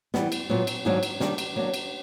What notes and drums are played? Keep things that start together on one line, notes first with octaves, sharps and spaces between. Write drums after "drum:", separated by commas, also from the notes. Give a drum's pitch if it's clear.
E3 G3 B3, drum: snare
drum: cymbal
A#2 F#3 B3
drum: cymbal
G#2 D#3 F#3 A#3 D4
drum: cymbal
D#3 G3 A#3 D4, drum: snare
drum: cymbal
F#3 A#3 D4
drum: cymbal